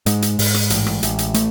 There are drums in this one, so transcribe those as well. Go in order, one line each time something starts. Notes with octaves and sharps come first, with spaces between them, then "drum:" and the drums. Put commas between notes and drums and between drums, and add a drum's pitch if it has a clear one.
G#2 G#3, drum: hi-hat
drum: hi-hat
G#2, drum: open hi-hat
drum: rim click
A1, drum: hi-hat
drum: rim click
A1, drum: hi-hat
drum: hi-hat
A3, drum: hi-hat